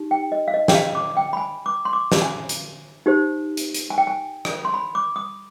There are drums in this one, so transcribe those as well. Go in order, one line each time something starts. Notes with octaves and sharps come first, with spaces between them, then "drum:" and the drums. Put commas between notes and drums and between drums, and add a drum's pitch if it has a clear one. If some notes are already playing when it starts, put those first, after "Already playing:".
Already playing: D#4 G4
G5
D#5
F5
D#5
G5, drum: snare
F5
D6
G5
B5
G#5
D6
C6
D6
drum: snare
G#5
drum: hi-hat
D#4 G4 C5
drum: hi-hat
drum: hi-hat
G#5
G5
G#5
drum: rim click
C6
B5
D6
D#6